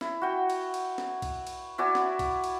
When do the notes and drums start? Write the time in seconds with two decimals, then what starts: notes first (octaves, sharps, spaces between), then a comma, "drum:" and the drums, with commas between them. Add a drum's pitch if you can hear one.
0.01 E4, drum: snare
0.22 F#4 G5
0.50 drum: cymbal
0.74 drum: cymbal
0.98 drum: snare
1.22 drum: kick B1, cymbal
1.47 drum: cymbal
1.78 E4 F#4 D5 G#5
1.95 drum: snare
2.19 drum: kick B1, cymbal
2.44 drum: cymbal